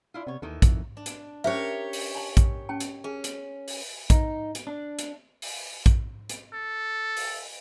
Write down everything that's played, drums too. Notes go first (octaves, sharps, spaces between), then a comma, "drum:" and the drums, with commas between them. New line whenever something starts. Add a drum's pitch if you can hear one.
D4 E4 F4
C3 B3 C#5
D#2 D#3 E3 A4
F2, drum: kick A#1, hi-hat
D4
drum: hi-hat
C#4 G4 A#4 C5 C#5 E5
drum: open hi-hat
G#5 A5
drum: kick A#1, hi-hat
C#4 G5 A5
drum: hi-hat
C#4 G#4
drum: hi-hat
drum: open hi-hat
D#4, drum: kick A#1, hi-hat
drum: hi-hat
D4
drum: hi-hat
drum: open hi-hat
drum: kick A#1, hi-hat
drum: hi-hat
A4
drum: open hi-hat